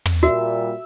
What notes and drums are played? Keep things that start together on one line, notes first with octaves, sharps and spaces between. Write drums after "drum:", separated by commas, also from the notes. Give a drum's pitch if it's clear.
drum: tom
A#2 G3 F#4 E5